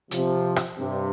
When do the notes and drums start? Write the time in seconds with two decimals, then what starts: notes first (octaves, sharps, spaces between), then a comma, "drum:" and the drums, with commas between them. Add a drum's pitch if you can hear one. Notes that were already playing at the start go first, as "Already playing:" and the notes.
0.11 C3 F3, drum: hi-hat
0.56 drum: rim click
0.78 G2 C3